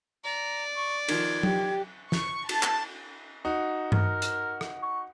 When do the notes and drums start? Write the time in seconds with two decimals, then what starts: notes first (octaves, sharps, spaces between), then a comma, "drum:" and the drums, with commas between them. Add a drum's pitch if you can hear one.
0.24 D5 A#5
0.76 C#6
1.08 D#3 F3 G#6, drum: cymbal
1.43 G4, drum: tom F#3
2.12 C#6, drum: snare
2.49 A5, drum: cymbal
2.63 drum: clap
3.45 D#4 F#4
3.92 A#4, drum: tom G2
4.22 drum: hi-hat
4.61 drum: rim click
4.83 C#6